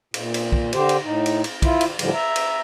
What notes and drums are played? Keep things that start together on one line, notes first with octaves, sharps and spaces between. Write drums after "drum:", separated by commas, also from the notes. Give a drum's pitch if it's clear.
A#2, drum: cymbal
drum: cymbal
drum: kick
D3 G4 C5, drum: cymbal
drum: cymbal
A2 D#4
drum: cymbal
drum: cymbal
E4 F4, drum: kick, cymbal
drum: cymbal
A2 D3 F3 G3, drum: cymbal
E5 A#5
drum: cymbal